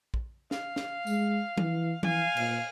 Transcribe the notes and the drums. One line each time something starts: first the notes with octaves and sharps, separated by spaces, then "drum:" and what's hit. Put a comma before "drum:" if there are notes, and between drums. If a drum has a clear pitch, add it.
drum: kick
F5, drum: snare
drum: snare
G#3, drum: tambourine
E3, drum: tom
E3 F5 G#5, drum: tom
A#2, drum: cymbal